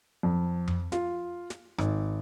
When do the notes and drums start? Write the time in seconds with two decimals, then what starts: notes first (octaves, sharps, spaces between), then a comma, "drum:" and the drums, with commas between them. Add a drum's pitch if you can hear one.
0.23 F2
0.68 drum: tom F2
0.92 F4, drum: snare
1.50 drum: snare
1.78 G#1, drum: rim click